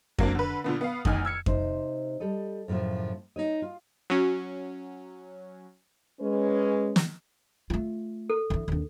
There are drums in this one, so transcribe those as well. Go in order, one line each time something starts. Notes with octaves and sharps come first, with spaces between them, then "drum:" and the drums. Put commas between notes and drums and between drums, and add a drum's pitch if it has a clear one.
F#3 A#3 C4 D4, drum: kick F2
D3 B4
A#2 D3 B3
B3 F5
A1 E2 D#3 G#5 F6, drum: kick F2
E6 G#6 C#7
C3 D#4 C5, drum: kick F2
G3 A4 D#5
F#2 A2 C#3 F3
D#4 C#5 D#5
F4
F#3 C#4
G#3 C#4 B4
drum: snare
A3 F4
A4
D3 E3
D#2 D4